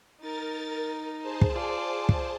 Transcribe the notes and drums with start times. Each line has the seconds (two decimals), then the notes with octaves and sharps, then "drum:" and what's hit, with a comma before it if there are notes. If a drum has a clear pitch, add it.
0.20 D#4 A#4 A6
1.21 G#4 C5 A5
1.41 drum: kick
1.51 F4 D5
2.09 drum: kick